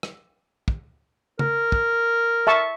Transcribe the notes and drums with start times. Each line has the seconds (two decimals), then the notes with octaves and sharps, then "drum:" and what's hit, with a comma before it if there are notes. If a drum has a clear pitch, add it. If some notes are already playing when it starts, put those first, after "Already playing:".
0.03 drum: rim click
0.68 drum: kick
1.39 A#4, drum: tom
1.72 drum: kick
2.47 E5 A5 C#6